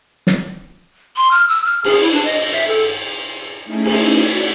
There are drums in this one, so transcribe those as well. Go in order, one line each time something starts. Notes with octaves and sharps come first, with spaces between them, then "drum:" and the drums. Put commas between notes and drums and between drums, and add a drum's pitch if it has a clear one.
drum: snare
C6
F6
E6
F6
G#4, drum: cymbal
E4
D4
D#5
E5, drum: hi-hat
A4
A3 C#4 D#4 E4 G#4
drum: cymbal
F#4 D5 C#6 G#6 B6